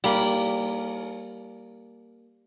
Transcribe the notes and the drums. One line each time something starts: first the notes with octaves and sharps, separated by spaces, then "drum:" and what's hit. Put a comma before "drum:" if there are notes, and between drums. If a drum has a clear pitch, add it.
G3 A#3, drum: cymbal